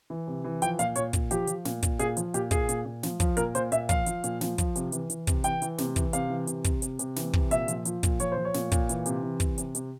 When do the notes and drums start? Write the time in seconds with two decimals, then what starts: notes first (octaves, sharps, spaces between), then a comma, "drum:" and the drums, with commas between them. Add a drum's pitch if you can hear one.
0.10 E3
0.28 C3
0.44 E3
0.62 F3 G5, drum: hi-hat
0.79 A#2 F5, drum: hi-hat
0.96 A#2 C#5, drum: hi-hat
1.13 A#2, drum: kick, hi-hat
1.31 F3 G4, drum: hi-hat
1.47 F3, drum: hi-hat
1.65 A#2, drum: snare
1.83 A#2, drum: kick, hi-hat
1.99 A#2 G#4, drum: hi-hat
2.17 F3, drum: hi-hat
2.34 A#2 G4, drum: hi-hat
2.51 A#2 G#4, drum: kick, hi-hat
2.69 A#2, drum: hi-hat
2.85 A#2
3.03 F3, drum: snare
3.20 F3, drum: kick, hi-hat
3.37 A#2 A#4, drum: hi-hat
3.55 A#2 C5, drum: hi-hat
3.72 A#2 E5, drum: hi-hat
3.89 F3 F5, drum: kick, hi-hat
4.06 F3, drum: hi-hat
4.24 A#2, drum: hi-hat
4.41 F3, drum: snare
4.58 F3, drum: kick, hi-hat
4.76 C3, drum: hi-hat
4.92 E3, drum: hi-hat
5.10 E3, drum: hi-hat
5.27 C3, drum: kick, hi-hat
5.44 E3 G5, drum: hi-hat
5.62 E3, drum: hi-hat
5.78 C3, drum: snare
5.96 E3, drum: kick, hi-hat
6.13 C3 F5, drum: hi-hat
6.30 E3
6.47 C3, drum: hi-hat
6.65 C3, drum: kick, hi-hat
6.82 C3, drum: hi-hat
6.99 C3, drum: hi-hat
7.16 E3, drum: snare
7.33 C3, drum: kick
7.51 A#2 E5, drum: hi-hat
7.68 F3, drum: hi-hat
7.85 F3, drum: hi-hat
8.03 A#2, drum: kick, hi-hat
8.20 F3 C#5, drum: hi-hat
8.32 F3 C5
8.45 C#5
8.54 A#2, drum: snare
8.72 A#2, drum: kick, hi-hat
8.89 E3, drum: hi-hat
9.06 C3, drum: hi-hat
9.23 E3
9.40 C3, drum: kick, hi-hat
9.58 C3, drum: hi-hat
9.75 C3, drum: hi-hat